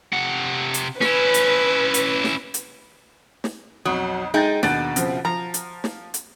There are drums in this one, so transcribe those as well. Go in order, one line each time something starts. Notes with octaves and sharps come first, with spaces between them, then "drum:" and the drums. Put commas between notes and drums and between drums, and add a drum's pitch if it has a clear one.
C3 F#5
drum: hi-hat
C#4 E4 B4, drum: snare
drum: hi-hat
drum: hi-hat
drum: snare
drum: hi-hat
drum: snare
B1 F2 F#3 D#6
G#3 D#4 G5 G6 A6
D#2 B2 D4 A6, drum: snare
C#3 F3 C4, drum: hi-hat
F3 A#5
drum: hi-hat
drum: snare
drum: hi-hat